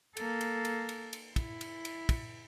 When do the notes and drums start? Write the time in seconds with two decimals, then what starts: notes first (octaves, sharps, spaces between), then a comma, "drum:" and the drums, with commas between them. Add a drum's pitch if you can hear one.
0.17 A#3 A4, drum: cymbal
0.41 drum: cymbal
0.65 drum: cymbal
0.89 drum: cymbal
1.13 drum: cymbal
1.36 E4, drum: kick, cymbal
1.61 drum: cymbal
1.85 drum: cymbal
2.09 drum: kick, cymbal